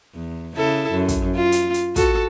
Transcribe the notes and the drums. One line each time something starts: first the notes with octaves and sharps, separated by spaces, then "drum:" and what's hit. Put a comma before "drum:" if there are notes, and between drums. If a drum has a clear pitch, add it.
E2
C#3 E4 A4
F#2
drum: kick, hi-hat
F4
drum: hi-hat
drum: hi-hat
F#4 A4, drum: kick, hi-hat